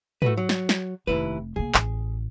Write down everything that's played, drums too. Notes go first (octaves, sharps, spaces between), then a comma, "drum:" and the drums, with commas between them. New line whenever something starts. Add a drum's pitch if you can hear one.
A3 F#4 B4, drum: tom
F#3
drum: snare
drum: snare
F1 D#2 E4 B4
C#3 A#3 G#4
A1, drum: clap